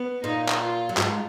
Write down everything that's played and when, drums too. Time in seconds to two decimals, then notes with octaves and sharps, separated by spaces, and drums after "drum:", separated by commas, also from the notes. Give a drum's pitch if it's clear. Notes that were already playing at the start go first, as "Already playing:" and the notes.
Already playing: B3
0.23 A#2 A#3 D#4
0.49 drum: clap
0.61 F4
0.89 F#3
0.97 G#2 G#3 F4, drum: clap